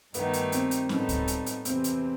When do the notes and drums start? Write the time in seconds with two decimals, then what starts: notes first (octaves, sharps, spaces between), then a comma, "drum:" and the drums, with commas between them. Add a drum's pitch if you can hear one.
0.14 G2 D#3 A3 B3 D#4 G4, drum: hi-hat
0.33 drum: hi-hat
0.52 C4, drum: hi-hat
0.71 drum: hi-hat
0.89 A2 G3 B3 D#4 A4, drum: snare C#4
1.09 drum: kick C#2, hi-hat
1.28 drum: hi-hat
1.46 drum: hi-hat
1.65 E2 C3 E3 C4, drum: hi-hat
1.84 drum: hi-hat